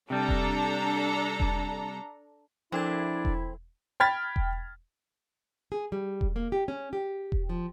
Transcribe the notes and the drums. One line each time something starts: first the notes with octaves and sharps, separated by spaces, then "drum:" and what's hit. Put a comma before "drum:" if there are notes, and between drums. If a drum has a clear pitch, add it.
C3 G3 D4 A4 A#5
drum: kick E1
drum: kick E1
F3 C4 D4 E4 A4 G#6
drum: kick E1
G5 B5 F6 G#6 A6 B6
drum: kick E1
G#4
G3
drum: kick E1
A#3
G4
C#4
G4
drum: kick E1
F3